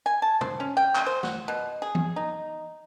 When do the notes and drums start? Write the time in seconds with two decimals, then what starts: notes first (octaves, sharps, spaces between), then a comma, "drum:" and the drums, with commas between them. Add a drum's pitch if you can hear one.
0.06 G#5
0.22 A5
0.41 C5, drum: tom
0.60 C#4
0.77 G5
0.95 drum: clap
1.06 C5
1.23 F#4, drum: snare
1.48 B2
1.82 G#4
1.95 drum: tom E3
2.16 D#4